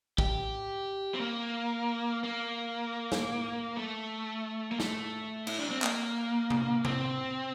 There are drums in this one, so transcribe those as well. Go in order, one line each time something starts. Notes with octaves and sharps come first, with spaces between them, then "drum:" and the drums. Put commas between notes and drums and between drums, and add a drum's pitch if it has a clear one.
G4, drum: kick
C4
A#3
A#3
drum: snare
A3
A#3
A3, drum: snare
E4, drum: cymbal
D4
C4
A#3, drum: clap
drum: tom C3
C4, drum: tom C3